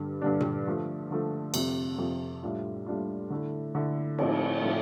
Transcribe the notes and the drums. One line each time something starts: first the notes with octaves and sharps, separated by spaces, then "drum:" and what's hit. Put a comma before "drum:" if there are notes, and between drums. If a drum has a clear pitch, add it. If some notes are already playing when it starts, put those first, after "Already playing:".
Already playing: G2 D3 G3 D4
G2 D3 G3 D4
drum: tom A#2
D3 F3 A3
D3 F3 A3
F2 C3 F3, drum: cymbal
F2 C3 F3
A2 G3 D4 F4
A2 G3 D4 F4
D3 A3 E4
D3 A3 E4
A2 F3 C4, drum: cymbal
A2 F3 C4